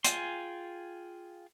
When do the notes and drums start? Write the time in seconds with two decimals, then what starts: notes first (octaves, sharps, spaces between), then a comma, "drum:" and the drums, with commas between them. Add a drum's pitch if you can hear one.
0.04 F4 G#4 G5 G#5 C6, drum: hi-hat